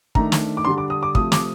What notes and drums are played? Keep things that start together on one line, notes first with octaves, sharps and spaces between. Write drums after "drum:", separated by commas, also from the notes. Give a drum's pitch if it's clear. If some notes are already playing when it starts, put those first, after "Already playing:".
D#3 A3 D4 A#5, drum: kick
drum: snare
D6
D3 G3 D4 C6
D6
D#6
D6
C3 F3 A3 D#6, drum: kick
D6, drum: snare